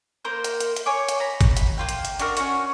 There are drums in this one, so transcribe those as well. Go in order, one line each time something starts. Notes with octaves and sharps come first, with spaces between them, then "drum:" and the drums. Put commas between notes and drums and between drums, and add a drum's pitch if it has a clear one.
A#3 A#4 C5 G6
drum: hi-hat
drum: hi-hat
drum: hi-hat
C#5 G#5 D6
drum: hi-hat
A#5 B5
drum: kick, hi-hat
drum: hi-hat
A#3 F4 G5
drum: hi-hat
drum: hi-hat
D4 F#4 A#4, drum: hi-hat
C#4 F#4, drum: hi-hat